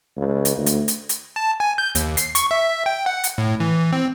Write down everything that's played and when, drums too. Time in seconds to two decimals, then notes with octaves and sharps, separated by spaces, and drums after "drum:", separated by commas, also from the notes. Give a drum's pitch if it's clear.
0.17 C#2
0.45 drum: hi-hat
0.57 D2
0.66 drum: hi-hat
0.88 drum: hi-hat
1.09 drum: hi-hat
1.36 A5
1.60 G#5
1.78 G6
1.95 D#2, drum: hi-hat
2.17 C7, drum: hi-hat
2.35 C#6, drum: hi-hat
2.51 E5
2.86 G5
3.06 F#5
3.24 drum: hi-hat
3.38 A2
3.60 E3
3.92 C4